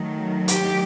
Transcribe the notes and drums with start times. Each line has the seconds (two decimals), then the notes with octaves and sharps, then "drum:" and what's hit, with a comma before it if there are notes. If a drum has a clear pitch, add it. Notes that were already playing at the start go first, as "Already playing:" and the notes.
Already playing: D#3 F#3 A3
0.48 G4, drum: hi-hat